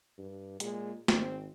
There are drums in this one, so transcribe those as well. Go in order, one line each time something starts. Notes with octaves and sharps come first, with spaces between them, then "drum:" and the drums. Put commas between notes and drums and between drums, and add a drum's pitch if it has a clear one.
G2
A#2 G#3, drum: hi-hat
G#1 C4, drum: snare